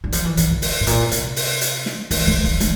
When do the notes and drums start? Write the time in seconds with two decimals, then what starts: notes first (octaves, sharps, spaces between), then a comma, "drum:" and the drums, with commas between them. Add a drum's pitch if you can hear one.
0.04 G3
0.12 F3, drum: hi-hat
0.25 E3
0.37 E3, drum: hi-hat
0.50 D3
0.62 drum: open hi-hat
0.80 A2
0.87 A#2, drum: hi-hat
1.12 C3, drum: hi-hat
1.36 drum: open hi-hat
1.61 drum: hi-hat
1.86 drum: snare
2.11 E3, drum: open hi-hat
2.27 G3
2.44 G3
2.60 A3, drum: hi-hat